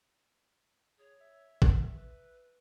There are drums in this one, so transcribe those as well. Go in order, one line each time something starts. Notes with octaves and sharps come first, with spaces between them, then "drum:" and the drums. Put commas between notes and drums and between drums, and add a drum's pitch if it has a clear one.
G#4 C#5
E5
G#4, drum: kick
B4